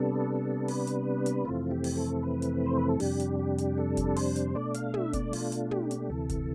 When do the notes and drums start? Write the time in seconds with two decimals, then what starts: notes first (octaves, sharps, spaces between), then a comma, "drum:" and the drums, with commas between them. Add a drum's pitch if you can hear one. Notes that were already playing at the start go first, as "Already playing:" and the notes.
Already playing: C3 G3 B3 D4 A4
0.68 B4, drum: open hi-hat
0.87 drum: hi-hat
1.26 drum: hi-hat
1.45 F2 C3 E3 A3 C4 F4
1.71 G4
1.84 drum: open hi-hat
1.97 A4
2.23 B4
2.42 drum: hi-hat
2.66 C5
2.78 B4
2.89 A4
3.00 F2 C3 G3 D4 G4, drum: open hi-hat
3.20 drum: hi-hat
3.39 G4
3.58 drum: hi-hat
3.78 A4
3.97 drum: kick F1, hi-hat
4.16 C5, drum: open hi-hat
4.36 drum: hi-hat
4.55 B2 A3 D4 D5
4.74 F5, drum: hi-hat
4.94 E5, drum: tom
5.13 D5, drum: kick F1, hi-hat
5.33 F4, drum: open hi-hat
5.52 drum: hi-hat
5.71 G4, drum: tom
5.91 drum: hi-hat
6.10 D2 C3 E3 A4
6.29 drum: kick F1, hi-hat